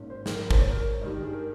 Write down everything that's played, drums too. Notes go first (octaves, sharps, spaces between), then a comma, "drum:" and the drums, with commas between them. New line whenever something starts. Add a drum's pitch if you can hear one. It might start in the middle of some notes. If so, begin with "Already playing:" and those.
Already playing: G#1 G#2 D#3 A#3 C#4
C5
A#4, drum: snare
A#4
C5, drum: kick
C#5
A#4
G2 D#3 G3
G#4
A#4